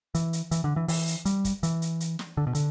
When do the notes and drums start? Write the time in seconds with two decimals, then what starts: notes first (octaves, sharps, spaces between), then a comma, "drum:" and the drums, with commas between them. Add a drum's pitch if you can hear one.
0.15 E3, drum: hi-hat
0.33 drum: hi-hat
0.51 E3, drum: hi-hat
0.64 D3
0.76 E3
0.88 E3, drum: open hi-hat
1.07 drum: hi-hat
1.25 G3, drum: hi-hat
1.45 drum: kick, hi-hat
1.63 E3, drum: hi-hat
1.82 drum: hi-hat
2.00 drum: hi-hat
2.19 drum: snare
2.37 D3
2.47 B2
2.55 D3, drum: hi-hat